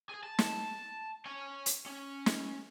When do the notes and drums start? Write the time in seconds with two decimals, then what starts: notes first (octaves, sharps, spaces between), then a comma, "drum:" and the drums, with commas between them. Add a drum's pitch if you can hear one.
0.09 G#4 G#5
0.23 A5
0.39 drum: snare
1.26 C#5 G#5
1.66 drum: hi-hat
1.87 C#4
2.26 drum: snare